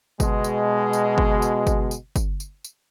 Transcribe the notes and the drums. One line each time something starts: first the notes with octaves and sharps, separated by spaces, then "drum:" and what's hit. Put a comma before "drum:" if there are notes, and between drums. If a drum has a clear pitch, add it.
B2 G#3, drum: kick G1, tambourine
drum: tambourine
drum: tambourine
drum: kick G1
drum: tambourine
drum: kick G1, tambourine
drum: tambourine
drum: kick G1, tambourine
drum: tambourine
drum: tambourine